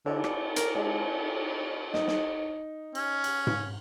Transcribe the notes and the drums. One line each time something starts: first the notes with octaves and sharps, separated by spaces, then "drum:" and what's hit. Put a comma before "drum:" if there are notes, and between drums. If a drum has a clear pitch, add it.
D3, drum: cymbal
D5, drum: rim click
A#4, drum: hi-hat
G#3, drum: cymbal
D#4, drum: snare
drum: snare
C#4, drum: cymbal
drum: cymbal
drum: tom G#2